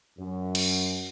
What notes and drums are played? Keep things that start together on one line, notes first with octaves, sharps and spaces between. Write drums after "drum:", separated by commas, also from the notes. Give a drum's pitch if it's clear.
F#2
drum: cymbal